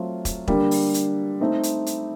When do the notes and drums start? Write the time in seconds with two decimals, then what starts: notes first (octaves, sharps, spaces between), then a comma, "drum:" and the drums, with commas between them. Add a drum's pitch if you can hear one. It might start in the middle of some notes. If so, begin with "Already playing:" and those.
Already playing: F#3 A3 C4 F4
0.25 drum: kick, hi-hat
0.48 D3 G3 A#3, drum: kick
0.71 drum: open hi-hat
0.94 drum: hi-hat
1.41 A3 C4 D#4
1.63 drum: hi-hat
1.86 drum: hi-hat